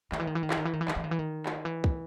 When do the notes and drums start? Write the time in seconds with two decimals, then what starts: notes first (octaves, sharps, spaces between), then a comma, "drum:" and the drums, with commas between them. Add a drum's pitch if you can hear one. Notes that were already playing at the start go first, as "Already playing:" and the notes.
0.12 D#3, drum: clap
0.20 E3
0.27 D#3
0.35 E3
0.43 D#3
0.50 E3, drum: clap
0.57 D#3
0.65 E3
0.73 D#3
0.81 E3
0.88 D#3, drum: clap
0.96 E3
1.04 D#3
1.11 E3
1.19 D#3
1.46 drum: clap
1.65 E3
1.84 drum: kick